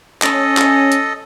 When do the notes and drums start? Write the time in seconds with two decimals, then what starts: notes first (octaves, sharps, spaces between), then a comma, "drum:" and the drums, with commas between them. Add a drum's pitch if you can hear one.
0.22 C#4 A4 D#5, drum: clap
0.57 drum: clap
0.92 drum: hi-hat